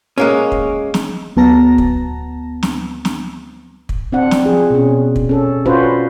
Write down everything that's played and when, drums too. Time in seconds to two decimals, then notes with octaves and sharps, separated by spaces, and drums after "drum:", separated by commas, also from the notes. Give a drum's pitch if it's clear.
0.18 G#3 A#3 C#4
0.52 drum: kick
0.94 drum: snare
1.36 D2 F#3 B3 A5 A#5 A#6
1.78 drum: kick
2.63 drum: snare
3.05 drum: snare
3.89 drum: kick
4.12 C4 D4 F#5
4.31 drum: snare
4.42 F3 G#4
4.70 B2 C#4
5.16 drum: kick
5.29 C#4 A4
5.66 C#4 D4 F4 F#4 B4 C5